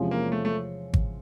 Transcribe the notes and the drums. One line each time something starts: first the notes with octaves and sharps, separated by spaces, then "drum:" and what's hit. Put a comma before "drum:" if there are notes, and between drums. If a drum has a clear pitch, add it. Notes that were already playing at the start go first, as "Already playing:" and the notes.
Already playing: E2 C3 F3 G#3 C#4
A#3
A3
A3
drum: kick G#1